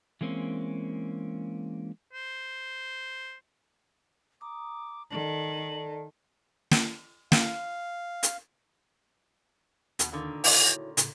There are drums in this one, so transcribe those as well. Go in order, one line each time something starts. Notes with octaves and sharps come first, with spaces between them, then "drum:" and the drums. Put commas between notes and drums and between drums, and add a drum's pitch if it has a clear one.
E3 G#3 A#3 C4 C#4
C5
A#5 D6 D#6
D#3 A4 D5 A5 F#7
drum: snare
F5, drum: snare
drum: hi-hat
D#2 B2, drum: hi-hat
A#2 D3 D#3
E4 F#4 C#5, drum: open hi-hat
A2 C#3, drum: hi-hat